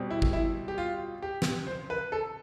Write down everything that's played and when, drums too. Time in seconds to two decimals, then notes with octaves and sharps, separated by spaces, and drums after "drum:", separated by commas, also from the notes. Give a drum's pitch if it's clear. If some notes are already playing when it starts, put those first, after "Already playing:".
Already playing: B2 G3 C4
0.10 E4
0.22 drum: kick G#1
0.33 E4
0.68 G4
0.78 F4
1.22 G4
1.42 drum: snare
1.67 C5
1.90 B4
2.12 A4